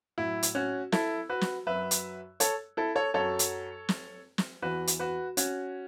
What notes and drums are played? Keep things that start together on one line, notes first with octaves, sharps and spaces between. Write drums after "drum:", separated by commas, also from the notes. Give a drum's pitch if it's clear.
A2 F#3 E4
drum: hi-hat
C#4 F#4
E4 A4, drum: snare
F#4 B4
drum: snare
F#2 F#3 B4 E5
drum: hi-hat
A4 C#5, drum: hi-hat
E4 A4
A4 C#5
F#2 F#3 A4 C#5
drum: hi-hat
drum: snare
drum: snare
E2 E3 F#4 B4
drum: hi-hat
F#4 B4
C#4 F#4, drum: hi-hat